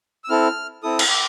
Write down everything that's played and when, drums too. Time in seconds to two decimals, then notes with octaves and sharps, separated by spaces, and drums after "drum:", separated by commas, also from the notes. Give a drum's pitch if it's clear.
0.24 E6
0.29 C4 E4 A4 F6
0.83 C4 E4 A4 D#6
0.99 drum: cymbal
1.10 D6